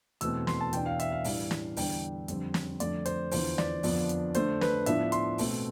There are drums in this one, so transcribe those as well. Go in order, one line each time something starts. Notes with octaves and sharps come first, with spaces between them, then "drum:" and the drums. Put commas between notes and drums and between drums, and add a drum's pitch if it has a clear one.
E2 B2 A3 C4 E6, drum: hi-hat
C6, drum: snare
A5
E2 B2 B3 D4 G5, drum: hi-hat
F5
E5, drum: hi-hat
F5
A2 E3 G3 D4, drum: open hi-hat
drum: snare
E2 D3 G3 D4 G5, drum: open hi-hat
F2 D3 G3 C4, drum: hi-hat
drum: snare
F2 D3 A3 D5, drum: hi-hat
C5, drum: hi-hat
E2 D3 F3 C5, drum: open hi-hat
D5, drum: snare
F2 D3 F3 B3 D4, drum: open hi-hat
drum: hi-hat
D3 A3 D4 C5, drum: hi-hat
B4, drum: snare
A2 F3 B3 D4 E5, drum: hi-hat
C6, drum: hi-hat
B2 A3 C4, drum: open hi-hat